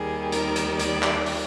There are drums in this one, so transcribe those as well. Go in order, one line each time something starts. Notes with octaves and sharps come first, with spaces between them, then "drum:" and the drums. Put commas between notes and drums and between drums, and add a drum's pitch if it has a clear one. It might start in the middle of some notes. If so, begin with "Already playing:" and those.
Already playing: D#2 D#3 G3 G#4
A#4, drum: hi-hat
drum: hi-hat
D5, drum: hi-hat
drum: clap
drum: open hi-hat